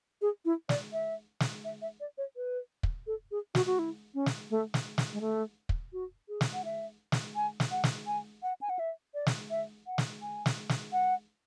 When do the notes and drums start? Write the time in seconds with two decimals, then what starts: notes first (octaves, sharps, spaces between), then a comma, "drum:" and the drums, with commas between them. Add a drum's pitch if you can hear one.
0.22 G#4
0.45 E4
0.69 D5, drum: snare
0.93 E5
1.40 drum: snare
1.65 E5
1.82 E5
2.00 D5
2.18 C#5
2.36 B4
2.83 drum: kick
3.07 A4
3.31 G#4
3.55 F#4, drum: snare
3.66 F#4
3.79 E4
4.14 C#4
4.26 drum: snare
4.50 A3
4.74 drum: snare
4.98 drum: snare
5.13 G#3
5.21 A3
5.69 drum: kick
5.93 F#4
6.29 G#4
6.41 drum: snare
6.54 F#5
6.65 E5
7.12 drum: snare
7.36 G#5
7.60 drum: snare
7.71 F#5
7.84 drum: snare
8.07 G#5
8.43 F#5
8.61 G#5
8.70 F#5
8.79 E5
9.14 D5
9.26 drum: snare
9.50 E5
9.87 F#5
9.98 drum: snare
10.22 G#5
10.46 drum: snare
10.69 drum: snare
10.93 F#5